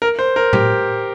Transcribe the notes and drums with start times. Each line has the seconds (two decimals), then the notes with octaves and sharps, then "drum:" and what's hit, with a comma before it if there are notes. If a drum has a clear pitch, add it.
0.02 A#4
0.19 C5
0.36 A#4
0.53 G4, drum: tom A2